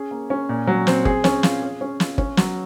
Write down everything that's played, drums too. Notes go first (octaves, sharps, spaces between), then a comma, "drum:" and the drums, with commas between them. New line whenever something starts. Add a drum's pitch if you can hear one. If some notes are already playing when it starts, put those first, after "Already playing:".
Already playing: C#4 G#4
A#3
C#4
A#2
F#3
C4, drum: snare
G#4, drum: kick
C#4, drum: snare
F4, drum: snare
G#4
C#4
F4, drum: snare
C#4, drum: kick
F#3, drum: snare